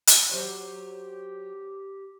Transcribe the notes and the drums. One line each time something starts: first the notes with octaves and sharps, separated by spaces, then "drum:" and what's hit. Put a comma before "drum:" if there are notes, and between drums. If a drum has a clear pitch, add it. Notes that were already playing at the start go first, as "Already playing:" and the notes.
drum: hi-hat
F#3 G4 C5 C#5